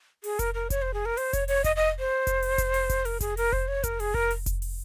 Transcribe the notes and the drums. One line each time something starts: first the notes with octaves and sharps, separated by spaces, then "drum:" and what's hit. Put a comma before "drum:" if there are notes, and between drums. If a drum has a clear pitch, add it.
G#4, drum: open hi-hat
A#4, drum: kick F1, hi-hat
A#4
C#5, drum: kick F1, hi-hat
C5
G#4
A#4
C5, drum: open hi-hat
C#5, drum: kick F1, hi-hat
C#5, drum: open hi-hat
D#5, drum: kick F1, hi-hat
D#5
C5
drum: kick F1, hi-hat
drum: open hi-hat
drum: kick F1, hi-hat
drum: open hi-hat
drum: kick F1, hi-hat
A#4, drum: open hi-hat
G#4, drum: kick F1, hi-hat
A#4, drum: open hi-hat
C5, drum: kick F1
C#5
A#4, drum: kick F1, hi-hat
G#4, drum: open hi-hat
A#4, drum: kick F1
drum: open hi-hat
drum: kick F1, hi-hat
drum: open hi-hat